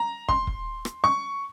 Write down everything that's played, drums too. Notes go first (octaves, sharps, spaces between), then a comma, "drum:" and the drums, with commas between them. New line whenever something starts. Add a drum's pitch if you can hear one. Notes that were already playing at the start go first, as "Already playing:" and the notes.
Already playing: A#5
C6, drum: kick
drum: kick
drum: rim click
C#6